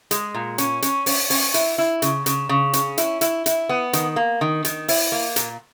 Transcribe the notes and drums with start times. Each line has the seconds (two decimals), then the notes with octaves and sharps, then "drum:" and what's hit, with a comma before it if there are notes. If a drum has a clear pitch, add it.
0.11 G#3, drum: hi-hat
0.34 A#2
0.58 C#4, drum: hi-hat
0.82 C#4, drum: hi-hat
1.06 C#4, drum: open hi-hat
1.30 C#4, drum: open hi-hat
1.54 E4, drum: hi-hat
1.78 E4
2.02 C#3, drum: hi-hat
2.26 C#3, drum: hi-hat
2.49 C#3
2.73 C#4, drum: hi-hat
2.98 E4, drum: hi-hat
3.21 E4, drum: hi-hat
3.46 E4, drum: hi-hat
3.69 B3
3.93 D#3, drum: hi-hat
4.16 A#3
4.41 D#3
4.65 D#3, drum: hi-hat
4.88 E4, drum: open hi-hat
5.12 A#3
5.36 A#2, drum: hi-hat